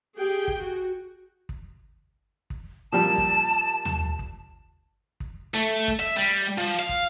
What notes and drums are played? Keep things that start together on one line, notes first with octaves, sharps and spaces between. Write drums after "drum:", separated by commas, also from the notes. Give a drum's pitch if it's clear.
G4 G#4 G5
drum: kick
F#4
drum: kick
drum: kick
A#2 F3 G3 A5 E7
drum: kick
drum: tom D#2
drum: kick
drum: kick
A3
drum: kick
E5
G3
F3
F5
drum: kick